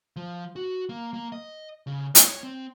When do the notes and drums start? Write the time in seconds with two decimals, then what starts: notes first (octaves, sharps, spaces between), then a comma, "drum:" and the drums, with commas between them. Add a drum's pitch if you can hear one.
0.16 F3
0.56 F#4
0.89 A#3
1.14 A#3
1.32 D#5
1.87 C#3
2.15 C#5, drum: hi-hat
2.43 C4